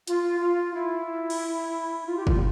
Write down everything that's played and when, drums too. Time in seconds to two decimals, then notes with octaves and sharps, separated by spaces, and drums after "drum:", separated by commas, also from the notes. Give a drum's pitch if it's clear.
0.07 F4, drum: hi-hat
0.41 F4
0.74 E4
1.30 drum: cymbal
2.06 F4
2.17 G4
2.27 F4, drum: kick